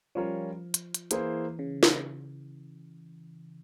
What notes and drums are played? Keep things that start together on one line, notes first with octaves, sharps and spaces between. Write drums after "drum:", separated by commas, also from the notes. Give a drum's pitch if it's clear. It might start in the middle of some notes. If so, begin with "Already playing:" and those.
F3 G3 C#4 F4 A#4 C#5
drum: hi-hat
drum: hi-hat
E3 A#3 E4 G#4 C5, drum: hi-hat
C#3
drum: snare